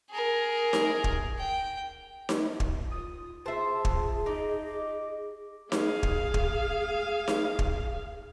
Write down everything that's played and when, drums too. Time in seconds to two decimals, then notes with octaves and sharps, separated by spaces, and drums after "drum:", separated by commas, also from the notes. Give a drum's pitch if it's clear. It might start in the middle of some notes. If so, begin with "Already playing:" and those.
0.11 G#4 A#4
0.73 drum: snare D#4
1.04 drum: kick
1.38 G5
2.29 drum: snare D#4
2.60 drum: kick
2.91 F4 D#6
3.46 F4 G#4 C5 E5 A5
3.85 drum: kick
4.26 D#4 D#5 D6
5.72 G#4 F5, drum: snare D#4
6.03 drum: kick
6.34 drum: kick
7.28 drum: snare D#4
7.59 drum: kick